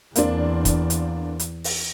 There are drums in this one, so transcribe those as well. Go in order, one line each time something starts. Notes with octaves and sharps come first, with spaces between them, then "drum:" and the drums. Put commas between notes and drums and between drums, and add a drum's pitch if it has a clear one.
E2 A#3 C4 D4, drum: hi-hat
drum: kick, hi-hat
drum: hi-hat
drum: hi-hat
drum: open hi-hat